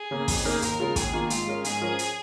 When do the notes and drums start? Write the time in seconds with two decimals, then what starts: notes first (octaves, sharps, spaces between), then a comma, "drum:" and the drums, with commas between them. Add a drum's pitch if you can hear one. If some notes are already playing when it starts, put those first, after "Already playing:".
Already playing: G#4
0.11 C#3 A#3
0.28 F2, drum: kick, open hi-hat
0.45 C#3 A#3 D#4 A#4
0.62 D#2 A#4, drum: hi-hat
0.80 C#3 G#3 F4
0.96 D#2 G#4, drum: kick, hi-hat
1.13 D#3 A#3 F4
1.30 G#2 F4, drum: hi-hat
1.47 G#3 C#4 A#4
1.64 G#2 G#4, drum: hi-hat
1.81 F3 C#4 A#4
1.99 drum: hi-hat